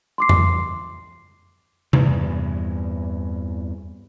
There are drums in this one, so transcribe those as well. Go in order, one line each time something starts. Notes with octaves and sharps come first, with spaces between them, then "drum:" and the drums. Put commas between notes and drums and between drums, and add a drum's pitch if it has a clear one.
C6 D6 C7
drum: tom F2
E2 G2 E3, drum: tom C3